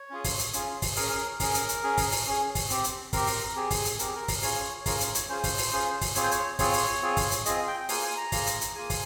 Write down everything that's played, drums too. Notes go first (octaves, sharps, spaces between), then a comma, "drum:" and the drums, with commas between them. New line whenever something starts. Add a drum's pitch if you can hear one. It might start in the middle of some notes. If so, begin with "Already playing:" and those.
Already playing: C#5
C#4 F4 G#4
drum: kick, open hi-hat
drum: hi-hat
C#4 F4 G#4, drum: hi-hat
drum: kick, open hi-hat
C#4 G#4 A#4, drum: open hi-hat
C#4 G#4 A#4, drum: kick, open hi-hat
drum: hi-hat
drum: hi-hat
C#4 G#4
drum: kick, open hi-hat
drum: open hi-hat
C#4 G#4
drum: kick, open hi-hat
C4 G4, drum: hi-hat
drum: hi-hat
C4 G4 A#4, drum: kick, open hi-hat
drum: open hi-hat
C4 G4 G#4
drum: kick, open hi-hat
drum: hi-hat
C4 G4 A#4, drum: hi-hat
G#4
A#4
drum: kick, open hi-hat
C#4 F4 G#4 C#5, drum: open hi-hat
C#4 F4 G#4 A#4, drum: kick, open hi-hat
drum: hi-hat
C#5, drum: hi-hat
C#4 F4 G#4 C5
drum: kick, open hi-hat
drum: open hi-hat
C#4 F4 G#4
drum: kick, open hi-hat
C4 F4 G#4 C#5, drum: hi-hat
C5
C#5, drum: hi-hat
C4 F4 G#4 C#5, drum: kick, open hi-hat
drum: open hi-hat
C4 F4 G#4
drum: kick, open hi-hat
drum: hi-hat
C4 F4 G#4 D#5, drum: hi-hat
G5
G5
A#3 F4 G#4 G#5, drum: open hi-hat
G#5
A#5
A#3 F4 G#4, drum: kick, open hi-hat
drum: hi-hat
drum: hi-hat
A#3 F4 G#4 G#5
drum: kick, open hi-hat